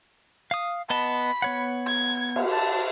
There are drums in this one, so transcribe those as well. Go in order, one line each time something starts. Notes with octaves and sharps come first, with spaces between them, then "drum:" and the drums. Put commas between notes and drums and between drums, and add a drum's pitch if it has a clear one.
F5 D#6
B3 D#5 A5 B5
B3 C#5 F#5
G#6
drum: cymbal
A5